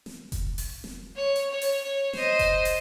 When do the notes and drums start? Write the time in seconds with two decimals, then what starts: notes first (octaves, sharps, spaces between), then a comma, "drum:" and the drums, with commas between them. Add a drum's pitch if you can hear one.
0.06 drum: snare
0.32 drum: kick F1, hi-hat
0.58 drum: open hi-hat
0.84 drum: snare
1.15 C#5
1.36 drum: hi-hat
1.50 C#5
1.62 drum: open hi-hat
1.83 C#5
2.13 C5 D#5, drum: snare
2.39 drum: kick F1, hi-hat
2.65 drum: open hi-hat